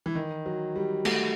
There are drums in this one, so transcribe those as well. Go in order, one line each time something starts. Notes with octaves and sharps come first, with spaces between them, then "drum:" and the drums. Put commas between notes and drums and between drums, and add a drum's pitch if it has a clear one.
E3
D#3
F#3
G3
A3, drum: cymbal